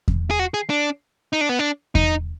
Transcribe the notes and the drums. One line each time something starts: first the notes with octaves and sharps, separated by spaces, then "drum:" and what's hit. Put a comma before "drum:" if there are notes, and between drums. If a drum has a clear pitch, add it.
drum: kick E2
G#4
F#4
G#4
D4
D#4
D4
B3
D4
D#4, drum: kick E2